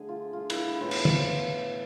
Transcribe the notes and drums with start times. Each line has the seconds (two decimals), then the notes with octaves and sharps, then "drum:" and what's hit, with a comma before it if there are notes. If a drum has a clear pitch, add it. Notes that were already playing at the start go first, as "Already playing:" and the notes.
Already playing: D3 A3 G#4
0.09 F4
0.33 F4
0.50 E4, drum: cymbal
0.66 E4
0.81 A2 E3 B3 F4
0.91 drum: cymbal
1.05 C5, drum: tom